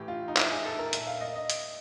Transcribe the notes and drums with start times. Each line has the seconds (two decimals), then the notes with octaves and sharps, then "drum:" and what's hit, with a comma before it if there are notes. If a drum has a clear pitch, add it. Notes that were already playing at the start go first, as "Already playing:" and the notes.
Already playing: A2 E3 G4
0.08 F4
0.28 D#4
0.37 E4, drum: clap
0.51 G#4
0.65 A4
0.79 A#4
0.93 A#2 E5, drum: hi-hat
1.07 F5
1.21 D#5
1.36 D#5
1.50 drum: hi-hat